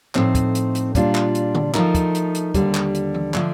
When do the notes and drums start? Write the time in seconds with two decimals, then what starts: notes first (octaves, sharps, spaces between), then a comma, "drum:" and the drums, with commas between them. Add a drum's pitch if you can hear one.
0.15 A2 F3 A3 C4 D#4, drum: clap
0.35 drum: kick, hi-hat
0.55 drum: hi-hat
0.75 drum: hi-hat
0.95 A#2 G3 D4 F4, drum: kick, hi-hat
1.15 drum: clap
1.35 drum: hi-hat
1.55 drum: tom D3
1.74 F3 A3 D#4 A#4, drum: clap
1.95 drum: kick, hi-hat
2.15 drum: hi-hat
2.35 drum: hi-hat
2.54 D#2 D3 G3, drum: kick, hi-hat
2.74 drum: clap
2.94 drum: hi-hat
3.14 drum: tom E3
3.34 D3 F3 A3 D4, drum: clap